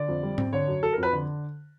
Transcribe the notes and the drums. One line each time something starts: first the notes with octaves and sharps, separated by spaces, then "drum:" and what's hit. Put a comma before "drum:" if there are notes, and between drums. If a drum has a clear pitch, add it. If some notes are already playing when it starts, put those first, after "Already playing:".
Already playing: D3 D5
F2
G3
C4, drum: tom G#2
D3 C#5
F#2
F#3 A4
A#4
F2 B4
D3